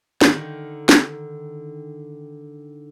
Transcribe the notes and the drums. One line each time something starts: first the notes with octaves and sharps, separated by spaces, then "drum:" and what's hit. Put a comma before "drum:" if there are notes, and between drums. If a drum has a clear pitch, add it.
D3 D#3, drum: snare
drum: snare